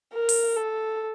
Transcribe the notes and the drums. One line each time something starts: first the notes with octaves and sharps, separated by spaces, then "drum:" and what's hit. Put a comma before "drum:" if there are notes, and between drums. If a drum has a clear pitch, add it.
A#4
drum: open hi-hat
A4